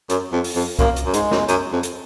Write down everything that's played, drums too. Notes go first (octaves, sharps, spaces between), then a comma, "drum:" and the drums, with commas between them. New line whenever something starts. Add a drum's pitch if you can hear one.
F#2, drum: hi-hat
F2
drum: open hi-hat
F2
F#2 A#3, drum: kick C2, hi-hat
drum: hi-hat
F#2
G#2 G#3, drum: hi-hat
F#2, drum: snare
F#2, drum: hi-hat
F2
drum: hi-hat